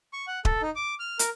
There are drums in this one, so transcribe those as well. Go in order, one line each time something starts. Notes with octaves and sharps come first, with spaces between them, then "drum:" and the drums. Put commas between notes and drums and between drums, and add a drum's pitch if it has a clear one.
C#6
F#5
A4, drum: kick D#1
D#4
D6
F6
A#4, drum: hi-hat